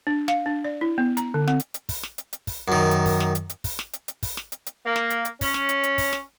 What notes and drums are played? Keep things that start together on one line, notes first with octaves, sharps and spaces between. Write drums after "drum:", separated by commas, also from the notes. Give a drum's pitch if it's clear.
D4
F5, drum: snare
D4
D5
E4
B3
A#5, drum: hi-hat
D3
C4, drum: snare
drum: hi-hat
drum: hi-hat
drum: kick, open hi-hat
drum: snare
drum: hi-hat
drum: hi-hat
drum: kick, open hi-hat
F#2 D#3
drum: hi-hat
drum: kick, open hi-hat
drum: snare
drum: hi-hat
drum: hi-hat
drum: kick, open hi-hat
drum: snare
drum: hi-hat
drum: hi-hat
drum: kick, open hi-hat
drum: snare
drum: hi-hat
drum: hi-hat
A#3
drum: snare
drum: hi-hat
drum: hi-hat
C#4, drum: kick, open hi-hat
drum: snare
drum: hi-hat
drum: hi-hat
drum: kick, open hi-hat
drum: snare